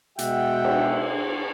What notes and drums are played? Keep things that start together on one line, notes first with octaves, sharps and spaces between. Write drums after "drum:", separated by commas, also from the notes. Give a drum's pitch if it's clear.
B2 G#3 F#4 E5 F#5 G5, drum: hi-hat
drum: cymbal